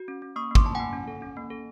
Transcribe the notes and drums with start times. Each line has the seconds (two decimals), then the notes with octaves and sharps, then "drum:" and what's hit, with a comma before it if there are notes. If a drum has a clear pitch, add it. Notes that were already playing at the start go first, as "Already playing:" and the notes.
Already playing: F#4
0.08 C#4
0.22 C#4
0.36 A#3 C#6 D#6
0.51 A#3
0.55 C6 D6, drum: kick
0.64 A#3 A5
0.75 A#3 F#5 G#5
0.93 C#4
1.07 A4
1.22 C#4
1.37 A#3
1.50 A4